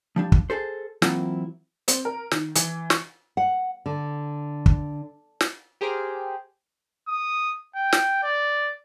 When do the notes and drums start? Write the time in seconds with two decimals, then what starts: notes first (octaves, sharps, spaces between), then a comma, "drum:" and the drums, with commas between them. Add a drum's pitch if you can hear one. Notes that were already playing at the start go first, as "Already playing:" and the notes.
0.16 F3 G3 D4
0.32 drum: kick
0.50 G#4 A4 C5
1.02 E3 F#3 A#3 C4 E4 F4, drum: snare
1.88 C4, drum: hi-hat
2.05 A#4
2.31 D#3, drum: snare
2.55 E3, drum: hi-hat
2.90 C#6, drum: snare
3.37 F#5
3.86 D3
4.66 drum: kick
5.41 drum: snare
5.81 G4 G#4 A#4 C5 G5
7.08 D#6
7.76 G5
7.93 drum: snare
8.23 D5